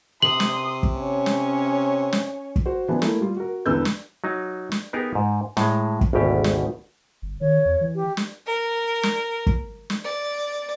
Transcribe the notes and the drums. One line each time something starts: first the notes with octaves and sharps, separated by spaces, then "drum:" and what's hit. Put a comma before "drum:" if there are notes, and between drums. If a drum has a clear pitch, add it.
C3 C6 D#6 F#7
drum: snare
drum: kick
C#4 C#5
drum: snare
drum: snare
drum: kick
F#4 C5
E3 F3 B3 D4 E4
A3 A#3 E4 A#4, drum: snare
G3 F4
F#4 A#4
E1 E2 D3 B4 E6 G6
drum: snare
F#3 D#4
drum: snare
B3 D#4 G4 G#4 A#4
G#2
A2 G#3, drum: snare
drum: kick
G#1 D2 B2 G4
drum: snare
G1
D#3 C#5
E2
E3
G4
drum: snare
A#4
drum: snare
drum: kick
drum: snare
D5